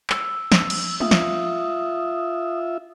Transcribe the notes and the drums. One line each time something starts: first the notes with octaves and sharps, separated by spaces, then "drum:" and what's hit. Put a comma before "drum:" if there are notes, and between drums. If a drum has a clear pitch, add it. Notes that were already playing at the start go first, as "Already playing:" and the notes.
E6, drum: clap
drum: snare
drum: cymbal
F4 E5 D#6, drum: tom G#3
drum: snare